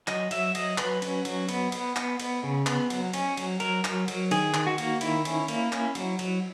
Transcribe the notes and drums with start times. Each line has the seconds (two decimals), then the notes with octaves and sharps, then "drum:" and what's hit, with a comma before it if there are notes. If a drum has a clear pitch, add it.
0.08 F#3 D#5, drum: clap
0.31 F#3 E5, drum: cymbal
0.55 F#3 D#5, drum: cymbal
0.78 F#3 B4, drum: clap
1.02 C#4, drum: cymbal
1.25 F#3, drum: cymbal
1.49 B3, drum: cymbal
1.72 B3, drum: cymbal
1.96 B3, drum: clap
2.20 B3, drum: cymbal
2.43 C#3
2.66 B3, drum: clap
2.90 F#3, drum: cymbal
3.13 C#4, drum: cymbal
3.37 F#3, drum: cymbal
3.60 F#3 A#4, drum: cymbal
3.85 F#3, drum: clap
4.08 F#3, drum: cymbal
4.31 D#3 G#4, drum: cymbal
4.54 D#3, drum: clap
4.67 F#4
4.78 A#3, drum: cymbal
5.01 D#3 E4, drum: cymbal
5.25 C#4, drum: cymbal
5.48 A#3, drum: cymbal
5.72 C#4, drum: clap
5.95 F#3, drum: cymbal
6.19 F#3, drum: cymbal